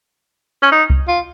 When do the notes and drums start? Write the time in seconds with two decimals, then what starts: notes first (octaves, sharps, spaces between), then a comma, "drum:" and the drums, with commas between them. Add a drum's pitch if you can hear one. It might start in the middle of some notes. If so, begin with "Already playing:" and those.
0.63 C#4
0.72 D#4
0.90 drum: kick C2
1.08 F4